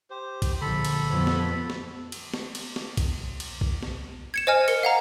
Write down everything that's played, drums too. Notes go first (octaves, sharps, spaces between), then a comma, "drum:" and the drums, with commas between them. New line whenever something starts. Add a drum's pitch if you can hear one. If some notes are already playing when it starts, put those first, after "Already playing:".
G4 C5
drum: kick, cymbal
A#1 A#2 D3 A4 B5
drum: cymbal
F2 B3
drum: snare
drum: snare
drum: cymbal
drum: snare
drum: cymbal
drum: snare
drum: kick, cymbal
drum: cymbal
drum: kick
drum: snare
G#6 C#7 E7
C5 D#5 G#5 F6
A#4 C#7, drum: cymbal
F5 F#5 A#5